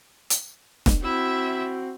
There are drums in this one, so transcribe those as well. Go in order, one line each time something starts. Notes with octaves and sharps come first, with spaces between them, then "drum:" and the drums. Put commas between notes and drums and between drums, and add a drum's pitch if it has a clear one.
drum: hi-hat
drum: snare E1
C4 E4 F#4 E5